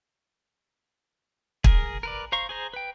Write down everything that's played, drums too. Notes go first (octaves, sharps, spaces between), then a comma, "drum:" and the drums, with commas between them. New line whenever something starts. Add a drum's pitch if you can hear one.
G#4 A#4, drum: kick
A#4 B4 D5
C5 F5 A#5 C#6
G#4 C5 A#5
B4 G5